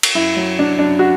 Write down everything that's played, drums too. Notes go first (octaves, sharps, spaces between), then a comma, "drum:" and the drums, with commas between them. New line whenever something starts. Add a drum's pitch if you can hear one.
drum: cymbal
F#2 E4
F#3
F#3 D4
F#2 D4
F#4